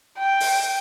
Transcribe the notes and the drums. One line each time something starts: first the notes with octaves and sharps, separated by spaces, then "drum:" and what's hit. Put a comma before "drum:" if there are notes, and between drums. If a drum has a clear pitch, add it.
G5
drum: open hi-hat